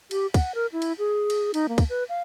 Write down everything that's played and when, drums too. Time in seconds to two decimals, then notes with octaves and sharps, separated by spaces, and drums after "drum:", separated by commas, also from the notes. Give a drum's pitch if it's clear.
0.11 G4, drum: cymbal
0.34 F#5, drum: kick, cymbal
0.55 A#4
0.73 E4
0.82 drum: cymbal
0.98 G#4
1.30 drum: cymbal
1.54 D#4, drum: cymbal
1.69 A#3
1.78 drum: kick, cymbal
1.89 B4
2.09 F5